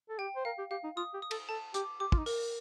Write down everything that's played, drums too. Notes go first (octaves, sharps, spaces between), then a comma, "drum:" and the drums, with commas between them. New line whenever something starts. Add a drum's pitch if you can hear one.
A4
G4 G5
C5
A#4 F5
G4
G4 F5
D#4
F4 D#6
G4
D#6
A4, drum: cymbal
A4 A5
G4 D6, drum: hi-hat
G4 D6
F4, drum: kick
D#4
A#4, drum: open hi-hat